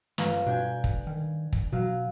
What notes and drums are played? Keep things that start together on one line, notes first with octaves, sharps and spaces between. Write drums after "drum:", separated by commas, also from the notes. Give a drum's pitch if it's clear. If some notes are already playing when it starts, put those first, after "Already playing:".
G1 F5 A#5, drum: snare
B2 D4 G5 G#5
drum: kick
D#3
drum: kick
B2 F#3 F5